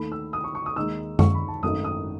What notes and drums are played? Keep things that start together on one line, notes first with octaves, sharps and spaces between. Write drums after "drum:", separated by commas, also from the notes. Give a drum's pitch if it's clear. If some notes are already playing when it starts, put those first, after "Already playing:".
Already playing: D#2 D#3 A3 B5
E6
D#6
C#6
C#6
D#6
D#2 D#3 G#3 D#4 E6
C#6, drum: tom F#2
B5
A5
G#1 F#2 D#3 A3 D#4 D#6
D#6